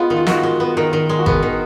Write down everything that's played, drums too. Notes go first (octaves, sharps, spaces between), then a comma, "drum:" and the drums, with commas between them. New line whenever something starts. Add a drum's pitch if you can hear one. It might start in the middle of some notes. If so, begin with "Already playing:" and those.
Already playing: G#3 B3 F4
D#3
F4
D#3 F#4, drum: snare
G#3
B3
D#3 A#4
D#3
G#3
F#4
B3 G#4, drum: kick G#1
D#3